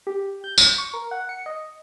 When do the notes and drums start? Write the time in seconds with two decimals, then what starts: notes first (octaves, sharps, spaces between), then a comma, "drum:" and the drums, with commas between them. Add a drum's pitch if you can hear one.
0.07 G4
0.44 G6
0.58 drum: tambourine
0.78 C#6
0.94 A#4
1.11 F#5
1.29 C#7
1.46 D#5